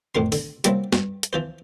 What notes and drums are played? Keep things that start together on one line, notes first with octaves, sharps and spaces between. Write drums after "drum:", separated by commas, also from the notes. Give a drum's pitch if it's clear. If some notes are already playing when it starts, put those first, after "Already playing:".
A1 F2 A#4 C6
D3, drum: open hi-hat
C3 F#3 G3 A#3 C4 E4, drum: hi-hat
G2, drum: snare
drum: hi-hat
E3 F3 C5